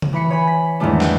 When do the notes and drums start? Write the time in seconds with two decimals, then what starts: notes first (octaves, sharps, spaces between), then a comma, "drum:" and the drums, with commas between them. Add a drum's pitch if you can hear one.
0.02 drum: tom C#3
0.13 E3 B5 C#7
0.30 C#5 G#5 B5
0.47 B6
0.80 E2 G#2 D3 D#3 A3 D4
1.00 F#5 G5 F#6, drum: snare